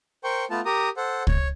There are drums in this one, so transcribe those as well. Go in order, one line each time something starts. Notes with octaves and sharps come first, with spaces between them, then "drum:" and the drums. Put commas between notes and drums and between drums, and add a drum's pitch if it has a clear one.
A#4 C5 G5 C#6
A3 B3 F4 A5
G4 A#4 A#5 D#6
A4 C5 F#5
C#5, drum: kick